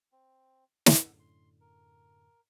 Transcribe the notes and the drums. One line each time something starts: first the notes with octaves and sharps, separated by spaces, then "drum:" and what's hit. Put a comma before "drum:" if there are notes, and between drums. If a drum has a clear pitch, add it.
C4
drum: snare
F#2 A2 D3 F#5 E6
C6
A#4